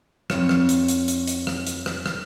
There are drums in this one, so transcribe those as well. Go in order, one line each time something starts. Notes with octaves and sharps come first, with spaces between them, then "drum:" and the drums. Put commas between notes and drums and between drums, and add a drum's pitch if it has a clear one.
F2 C#5, drum: rim click
drum: rim click
drum: hi-hat
drum: hi-hat
drum: hi-hat
drum: hi-hat
drum: rim click
drum: hi-hat
drum: rim click
drum: rim click